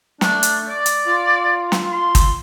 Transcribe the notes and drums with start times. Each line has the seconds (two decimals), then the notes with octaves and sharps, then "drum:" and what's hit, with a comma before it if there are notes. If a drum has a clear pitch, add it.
0.21 A3 D4, drum: snare
0.43 drum: hi-hat
0.69 D5
0.86 drum: hi-hat
1.06 F4
1.72 drum: snare
1.92 C6
2.15 drum: kick, hi-hat